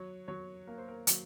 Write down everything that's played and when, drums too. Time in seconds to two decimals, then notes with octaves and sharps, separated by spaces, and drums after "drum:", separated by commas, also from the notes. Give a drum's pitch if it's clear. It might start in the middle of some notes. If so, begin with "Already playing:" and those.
Already playing: F#3 C#5
0.28 F#3 C#5
0.67 A#3 A#4
0.78 C5
0.88 A#4
1.07 F#3, drum: hi-hat